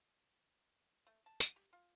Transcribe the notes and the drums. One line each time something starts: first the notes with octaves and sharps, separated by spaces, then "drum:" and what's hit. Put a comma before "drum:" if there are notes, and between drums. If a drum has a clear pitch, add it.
A3
A5
F#4, drum: tambourine
G4
F4